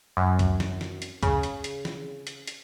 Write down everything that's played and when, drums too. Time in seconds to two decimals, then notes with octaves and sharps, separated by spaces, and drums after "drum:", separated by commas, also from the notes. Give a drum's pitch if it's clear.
0.17 F#2
0.39 drum: kick, hi-hat
0.60 drum: snare
0.81 drum: snare
1.02 drum: hi-hat
1.23 C#3, drum: kick, hi-hat
1.43 drum: hi-hat
1.64 drum: hi-hat
1.85 drum: snare
2.27 drum: hi-hat
2.47 drum: hi-hat